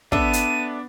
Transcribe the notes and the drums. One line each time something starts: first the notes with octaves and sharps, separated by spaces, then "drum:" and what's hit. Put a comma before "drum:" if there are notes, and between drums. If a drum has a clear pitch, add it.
B3 D4 A4 E5 D#7, drum: kick
drum: hi-hat